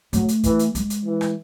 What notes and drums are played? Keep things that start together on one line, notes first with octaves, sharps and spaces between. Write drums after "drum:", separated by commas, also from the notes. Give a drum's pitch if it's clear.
F#3 A3, drum: hi-hat
drum: hi-hat
E3, drum: kick, hi-hat
drum: hi-hat
G#3, drum: hi-hat
drum: hi-hat
E3
drum: rim click